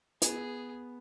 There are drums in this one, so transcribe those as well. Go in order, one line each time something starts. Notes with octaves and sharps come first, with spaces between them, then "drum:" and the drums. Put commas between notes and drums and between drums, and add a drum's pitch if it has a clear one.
B3 G#4, drum: hi-hat